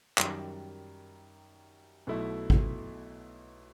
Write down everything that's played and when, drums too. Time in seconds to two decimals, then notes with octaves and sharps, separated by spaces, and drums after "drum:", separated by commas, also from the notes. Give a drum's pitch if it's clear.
0.18 F#2 D#3 G3, drum: clap
2.07 B1 B2 A3 E4
2.50 drum: kick G#1